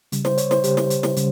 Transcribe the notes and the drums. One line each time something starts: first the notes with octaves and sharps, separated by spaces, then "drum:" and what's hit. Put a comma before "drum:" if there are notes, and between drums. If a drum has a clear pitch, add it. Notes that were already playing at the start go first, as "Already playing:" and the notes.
C#3 G3, drum: hi-hat
C5, drum: snare
C#5, drum: hi-hat
C5, drum: snare
C#3 G3 G4, drum: hi-hat
drum: snare
drum: hi-hat
drum: snare
C#3 G3, drum: hi-hat